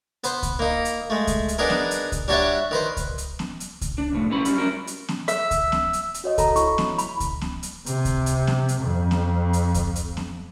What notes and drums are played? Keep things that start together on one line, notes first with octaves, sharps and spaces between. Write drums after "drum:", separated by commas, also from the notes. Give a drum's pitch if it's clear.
B3 B4 C5, drum: hi-hat
drum: kick C#2, hi-hat
A#3 D#4
drum: hi-hat
G#3 A3
drum: kick C#2, hi-hat
drum: hi-hat
B3 D4 D#4 G#4 A#4
drum: snare B3
drum: hi-hat
drum: kick C#2, hi-hat
G3 D4 F#4 C#5 D5 E5
D#3 B4 C5
drum: kick C#2, hi-hat
drum: hi-hat
drum: snare B3
drum: hi-hat
drum: kick C#2, hi-hat
D4
C2 A2
B3 C#4 E4 B5
G3 C#4, drum: hi-hat
C#4 E4 F#4 A#4
drum: hi-hat
drum: snare B3
E5, drum: hi-hat
drum: kick C#2, hi-hat
drum: snare B3
drum: hi-hat
drum: hi-hat
F#4 C#5 D#5
A4 A#5 B5, drum: kick C#2, hi-hat
E4 C#6, drum: hi-hat
drum: snare B3
B5, drum: hi-hat
drum: kick C#2, hi-hat
drum: snare B3
drum: hi-hat
C3, drum: hi-hat
drum: kick C#2, hi-hat
drum: hi-hat
drum: snare B3
drum: hi-hat
F2
drum: snare B3
drum: hi-hat
drum: kick C#2, hi-hat
drum: hi-hat
drum: snare B3